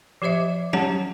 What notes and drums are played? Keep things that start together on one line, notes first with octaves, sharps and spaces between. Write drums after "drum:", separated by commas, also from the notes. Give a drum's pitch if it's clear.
F3 G4 C5 D#5 E5
C#4 G4 C#5 F#5 A5, drum: tom